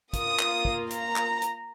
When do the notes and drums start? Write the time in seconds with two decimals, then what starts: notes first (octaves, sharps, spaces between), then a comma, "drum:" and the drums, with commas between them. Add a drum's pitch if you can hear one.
0.13 A#3 F4 D#6, drum: kick, hi-hat
0.39 drum: clap
0.65 drum: kick
0.90 A#5, drum: hi-hat
1.16 drum: clap
1.42 drum: hi-hat